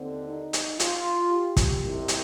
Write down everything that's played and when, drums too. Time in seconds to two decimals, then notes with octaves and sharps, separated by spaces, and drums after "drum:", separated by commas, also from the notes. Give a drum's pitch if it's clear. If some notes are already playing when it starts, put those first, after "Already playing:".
Already playing: D#2 D3 C4
0.27 D#4
0.53 drum: hi-hat
0.80 F4, drum: hi-hat
1.31 G4
1.57 drum: kick, hi-hat
1.82 C2 C3 D#3
2.08 drum: hi-hat